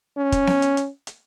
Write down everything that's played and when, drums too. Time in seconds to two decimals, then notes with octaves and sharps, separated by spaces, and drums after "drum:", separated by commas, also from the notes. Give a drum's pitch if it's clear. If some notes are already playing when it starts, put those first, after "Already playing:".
0.17 C#4
0.32 drum: kick, hi-hat
0.47 drum: snare B3
0.62 drum: hi-hat
0.77 drum: hi-hat
1.07 drum: hi-hat